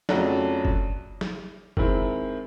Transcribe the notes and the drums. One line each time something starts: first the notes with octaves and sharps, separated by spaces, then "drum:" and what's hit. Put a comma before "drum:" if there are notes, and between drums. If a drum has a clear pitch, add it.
F2 C#3 F#3 A3 D4, drum: snare
drum: kick F#1
drum: snare
D#3 G#3 C4 E4, drum: kick F#1